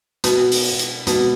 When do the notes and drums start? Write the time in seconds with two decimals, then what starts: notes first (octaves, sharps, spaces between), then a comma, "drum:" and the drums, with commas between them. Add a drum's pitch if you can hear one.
0.24 B2 B3, drum: hi-hat
0.52 drum: open hi-hat
0.79 drum: hi-hat
1.07 B2 B3, drum: hi-hat